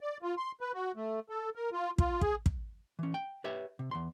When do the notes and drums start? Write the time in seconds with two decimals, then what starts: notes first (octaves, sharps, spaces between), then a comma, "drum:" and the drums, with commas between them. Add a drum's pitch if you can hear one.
0.01 D5
0.22 F4
0.37 C6
0.61 B4
0.74 F#4
0.96 A3
1.30 A4
1.55 A#4
1.72 F4
1.98 F4, drum: kick
2.21 G#4, drum: kick
2.46 drum: kick
2.99 E3 C#4
3.14 G5
3.44 G4 B4 C#5 E5
3.79 C3
3.91 E2 G2 C6